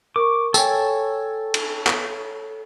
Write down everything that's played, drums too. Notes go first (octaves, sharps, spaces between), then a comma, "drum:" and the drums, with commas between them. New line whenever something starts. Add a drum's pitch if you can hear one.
A#4 C#6 D6
A4 C#5 G5 G#5, drum: tambourine
drum: cymbal
drum: clap